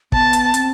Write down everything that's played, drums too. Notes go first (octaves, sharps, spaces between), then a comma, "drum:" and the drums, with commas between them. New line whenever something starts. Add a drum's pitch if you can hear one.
B3 A5, drum: kick
drum: hi-hat
C4, drum: hi-hat